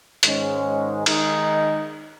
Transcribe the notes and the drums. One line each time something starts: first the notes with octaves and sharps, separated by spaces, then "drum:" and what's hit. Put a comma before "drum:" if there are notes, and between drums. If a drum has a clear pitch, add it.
G#2 D#3 G#3 C#4, drum: hi-hat
D#3 G#3 D#4, drum: cymbal